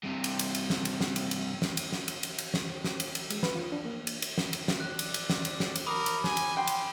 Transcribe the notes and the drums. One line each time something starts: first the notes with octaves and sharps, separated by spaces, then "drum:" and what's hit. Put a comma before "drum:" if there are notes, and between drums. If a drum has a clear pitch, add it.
G2 C3
drum: cymbal
drum: cymbal
drum: cymbal
drum: snare
drum: cymbal
drum: snare
drum: cymbal
drum: cymbal
drum: snare
drum: cymbal
drum: snare
drum: cymbal
drum: cymbal
drum: cymbal
drum: snare
drum: snare
drum: cymbal
drum: cymbal
G#3, drum: cymbal
B4, drum: snare
F4
D4
A#3
drum: cymbal
drum: cymbal
drum: snare
drum: cymbal
drum: snare
D5 F#6
drum: cymbal
drum: cymbal
drum: snare
drum: cymbal
drum: snare
drum: cymbal
A#4 B5 D6 D#6
drum: cymbal
G#5, drum: snare
drum: cymbal
G5 C6
drum: cymbal